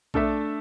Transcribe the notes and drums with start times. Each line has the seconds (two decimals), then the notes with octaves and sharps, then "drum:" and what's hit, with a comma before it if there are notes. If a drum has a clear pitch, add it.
0.14 A3 D4 A4 E5, drum: kick A#1